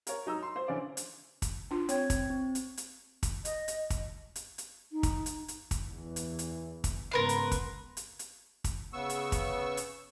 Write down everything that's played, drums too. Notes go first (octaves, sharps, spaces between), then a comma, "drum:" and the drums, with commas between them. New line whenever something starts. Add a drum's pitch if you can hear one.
A#4 C#5, drum: hi-hat
F#3 D#4 A#5 E6
C6
C5
D3 E3 C#4 D5
drum: hi-hat
drum: kick, hi-hat
D4 F4
C4 C#5 G5 G#6, drum: hi-hat
drum: kick, hi-hat
C4
drum: hi-hat
drum: hi-hat
drum: kick, hi-hat
D#5, drum: hi-hat
drum: hi-hat
drum: kick, hi-hat
drum: hi-hat
drum: hi-hat
D#4
drum: kick, hi-hat
drum: hi-hat
drum: hi-hat
drum: kick, hi-hat
E2 E3
drum: hi-hat
drum: hi-hat
drum: kick, hi-hat
G#2 C#3 B3 A#4 B4 C6
drum: hi-hat
drum: kick, hi-hat
drum: hi-hat
drum: hi-hat
drum: kick, hi-hat
C#3 B3 C#6 E6
drum: hi-hat
drum: kick, hi-hat
drum: hi-hat